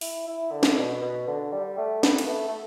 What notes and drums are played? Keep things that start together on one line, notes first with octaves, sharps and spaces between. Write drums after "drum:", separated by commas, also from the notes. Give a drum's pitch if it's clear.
E4, drum: open hi-hat
E4
D3
drum: snare
B2
B2
D3
G3
A3
B3, drum: snare
drum: cymbal
A3
A3